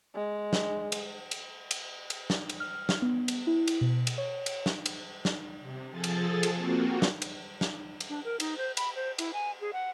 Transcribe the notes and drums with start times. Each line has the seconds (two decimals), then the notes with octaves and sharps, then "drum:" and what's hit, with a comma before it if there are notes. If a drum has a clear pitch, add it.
0.15 G#3
0.53 drum: snare
0.92 drum: cymbal
1.31 drum: cymbal
1.71 drum: cymbal
2.10 drum: cymbal
2.30 drum: snare
2.49 drum: cymbal
2.60 F6
2.89 drum: snare
3.02 B3
3.28 drum: cymbal
3.47 E4
3.68 drum: cymbal
3.81 B2
4.07 drum: cymbal
4.18 C#5
4.46 drum: cymbal
4.66 drum: snare
4.86 drum: cymbal
5.25 drum: snare
5.61 C3
5.90 F3 G#4 A4 A6
6.04 drum: cymbal
6.43 drum: cymbal
6.54 A#3 C4 F4 F#4
7.02 drum: snare
7.22 drum: cymbal
7.61 drum: snare
8.00 drum: cymbal
8.10 D4
8.25 A#4
8.40 D#4, drum: cymbal
8.58 C5
8.77 B5, drum: cymbal
8.95 C5
9.19 E4, drum: cymbal
9.34 G#5
9.61 G#4
9.73 F#5